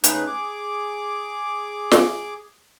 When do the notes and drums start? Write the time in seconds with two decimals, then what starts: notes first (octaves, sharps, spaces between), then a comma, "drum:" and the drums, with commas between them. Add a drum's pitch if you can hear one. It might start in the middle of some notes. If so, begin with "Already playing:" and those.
0.04 C#3 A3 D#4 G#4 B4, drum: hi-hat
0.27 G#4 D6
1.91 drum: snare